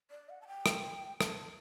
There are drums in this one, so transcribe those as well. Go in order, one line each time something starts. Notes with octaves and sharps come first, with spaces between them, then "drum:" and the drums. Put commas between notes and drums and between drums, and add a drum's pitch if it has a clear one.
D5
F#5
A5
G5
drum: rim click
A5, drum: rim click